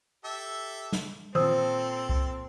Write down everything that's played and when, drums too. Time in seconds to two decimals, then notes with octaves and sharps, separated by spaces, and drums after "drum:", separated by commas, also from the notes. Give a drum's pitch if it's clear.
0.24 G4 A4 E5
0.93 drum: snare
1.35 A#2 C4 A4 C5 D#6 E6, drum: tom D#3
2.09 drum: kick C2